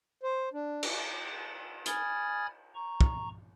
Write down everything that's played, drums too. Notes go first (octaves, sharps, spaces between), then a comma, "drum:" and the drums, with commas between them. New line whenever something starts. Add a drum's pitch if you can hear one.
C5
D4
drum: cymbal
G#5 B5 D#6 F6 G#6 A6, drum: hi-hat
A#5 C#6
drum: kick